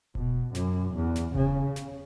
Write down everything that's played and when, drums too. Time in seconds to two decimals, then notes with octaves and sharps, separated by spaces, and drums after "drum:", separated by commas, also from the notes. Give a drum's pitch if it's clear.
0.15 B2, drum: kick E1
0.55 F#2, drum: snare
0.95 E2
1.16 drum: snare
1.35 C#3, drum: kick E1
1.76 drum: snare